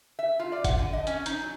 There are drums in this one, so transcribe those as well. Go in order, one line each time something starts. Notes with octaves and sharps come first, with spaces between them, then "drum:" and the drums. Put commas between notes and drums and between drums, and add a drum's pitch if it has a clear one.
E5
F4
D5
F#5, drum: kick G1, hi-hat
D3
D#5
C#4, drum: hi-hat
D#4, drum: hi-hat
F#3